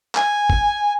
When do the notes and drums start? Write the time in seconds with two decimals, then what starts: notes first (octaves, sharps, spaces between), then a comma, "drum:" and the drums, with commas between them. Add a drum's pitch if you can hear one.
0.15 G#5, drum: clap
0.50 drum: kick G1